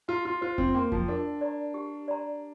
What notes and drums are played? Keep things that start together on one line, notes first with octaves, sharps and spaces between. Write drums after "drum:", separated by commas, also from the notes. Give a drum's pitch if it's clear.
F4 F5 A#5
F4
F4 C5
C4, drum: kick F2
A#3 G5 C6
F3, drum: kick F2
D4 A#4
D5 A#5
G4
D5 A#5